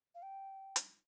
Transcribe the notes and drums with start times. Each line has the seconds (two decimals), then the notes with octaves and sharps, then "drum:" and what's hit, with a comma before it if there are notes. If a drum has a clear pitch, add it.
0.15 F5
0.22 G5
0.76 drum: hi-hat